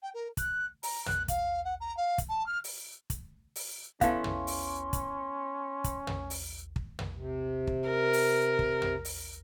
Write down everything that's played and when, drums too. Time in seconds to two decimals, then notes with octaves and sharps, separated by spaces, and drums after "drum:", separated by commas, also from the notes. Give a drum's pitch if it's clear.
0.02 G5
0.14 A#4
0.37 F#6, drum: kick, hi-hat
0.83 A#5, drum: open hi-hat
1.06 F#6, drum: tom
1.28 F5, drum: kick, hi-hat
1.64 F#5
1.80 A#5
1.97 F5
2.18 drum: kick, hi-hat
2.28 A5
2.46 F6
2.64 drum: open hi-hat
3.10 drum: kick, hi-hat
3.56 drum: open hi-hat
4.01 B3 C#4 E4 A4 F5 C6, drum: kick, hi-hat
4.24 drum: tom
4.47 drum: open hi-hat
4.93 drum: kick, hi-hat
5.84 drum: kick, hi-hat
6.07 drum: tom
6.30 drum: open hi-hat
6.76 drum: kick
6.99 drum: tom
7.15 C3
7.67 drum: kick
7.89 A#4
8.13 drum: open hi-hat
8.59 drum: kick
8.82 drum: tom
9.05 drum: open hi-hat